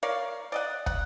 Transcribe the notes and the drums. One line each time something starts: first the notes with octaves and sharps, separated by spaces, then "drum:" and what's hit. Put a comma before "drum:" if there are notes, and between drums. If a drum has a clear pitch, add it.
A#4 C#5 D5 F5
D5 D#5 F#5
F#5, drum: kick